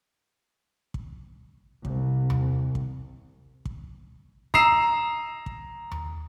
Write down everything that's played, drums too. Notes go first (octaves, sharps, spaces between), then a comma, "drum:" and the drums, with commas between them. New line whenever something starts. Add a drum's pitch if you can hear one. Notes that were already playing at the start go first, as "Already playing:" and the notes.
drum: kick
C2, drum: kick
drum: tom D#2
drum: kick
drum: kick
A#5 D#6 E6 C7 E7, drum: kick
drum: kick
drum: tom D#2